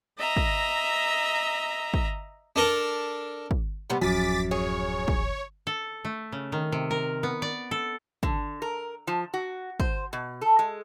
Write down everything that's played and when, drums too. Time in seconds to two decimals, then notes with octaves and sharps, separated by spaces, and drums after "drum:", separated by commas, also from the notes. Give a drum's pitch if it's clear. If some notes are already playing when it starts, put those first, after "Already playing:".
0.17 D#5 E5 A#5
0.37 drum: kick
1.94 drum: kick
2.56 D4 A4 A#4
3.51 drum: kick
3.90 C3 G3 B3
4.01 D1 F#2 F3 G#4 D6 A6 B6
4.51 G#4 C#5
5.08 drum: kick
5.67 A4
6.05 A3
6.32 C#3
6.52 D#3
6.72 C3
6.91 A#4
7.23 B3
7.42 D5
7.71 A4
8.23 D3, drum: kick
8.62 A#4
9.07 F3
9.34 F#4
9.80 C5, drum: kick
10.13 B2
10.41 A4
10.59 G#3